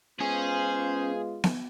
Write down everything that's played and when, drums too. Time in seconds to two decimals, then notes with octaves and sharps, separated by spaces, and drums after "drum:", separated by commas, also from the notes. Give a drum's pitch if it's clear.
0.20 G#3 B3 C#4 F4 G#4 C5 G#5
1.44 drum: snare B3